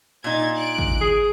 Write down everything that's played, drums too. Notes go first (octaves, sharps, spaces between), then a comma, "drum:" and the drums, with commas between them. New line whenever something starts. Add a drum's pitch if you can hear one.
A#2 D#4 G#6 A6
F#6 D7
drum: kick
G#4